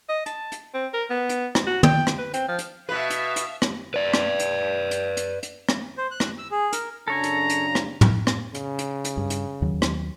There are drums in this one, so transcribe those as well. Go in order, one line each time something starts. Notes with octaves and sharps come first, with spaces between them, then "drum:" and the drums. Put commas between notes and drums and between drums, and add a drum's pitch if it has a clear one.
D#5
A5, drum: hi-hat
drum: hi-hat
C4
A#4
B3
drum: hi-hat
drum: rim click
F#4
G5, drum: tom
drum: rim click
B4
C4, drum: hi-hat
F3
drum: hi-hat
B2 B4 E5 F5
drum: hi-hat
drum: hi-hat
drum: rim click
B4 D5
drum: rim click
drum: hi-hat
drum: hi-hat
drum: hi-hat
drum: hi-hat
drum: rim click
C5
F#6
drum: rim click
E6
G#4
A#4, drum: hi-hat
F#2 C#3 D4 A4 C#5 G#5 A#5
drum: hi-hat
drum: hi-hat
drum: rim click
drum: tom
drum: rim click
C#3, drum: hi-hat
drum: hi-hat
drum: hi-hat
G2
drum: hi-hat
D#2 D#3 F#3
drum: rim click